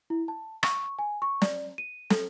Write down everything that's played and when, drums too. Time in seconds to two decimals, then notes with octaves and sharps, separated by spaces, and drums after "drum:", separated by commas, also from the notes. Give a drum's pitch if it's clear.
0.10 E4
0.28 A5
0.63 C#6, drum: rim click
0.99 G#5
1.22 C#6
1.42 D5, drum: snare
1.78 D#7
2.10 A4, drum: snare